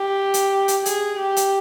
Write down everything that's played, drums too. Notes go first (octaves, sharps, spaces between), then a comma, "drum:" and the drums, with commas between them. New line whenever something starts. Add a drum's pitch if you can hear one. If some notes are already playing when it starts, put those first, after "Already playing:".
Already playing: G4
drum: hi-hat
drum: hi-hat
G#4, drum: hi-hat
G4
drum: hi-hat